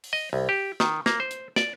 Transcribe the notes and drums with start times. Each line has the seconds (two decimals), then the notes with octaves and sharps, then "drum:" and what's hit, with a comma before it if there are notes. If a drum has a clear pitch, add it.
0.04 drum: open hi-hat
0.13 D#5
0.33 C2
0.49 G4
0.80 D#3, drum: snare
1.06 A#3, drum: snare
1.20 C5
1.31 drum: hi-hat
1.56 D5, drum: snare